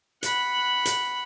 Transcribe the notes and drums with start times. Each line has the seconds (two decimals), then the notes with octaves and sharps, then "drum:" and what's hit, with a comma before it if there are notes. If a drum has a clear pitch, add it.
0.23 F#5 B5, drum: hi-hat
0.85 drum: hi-hat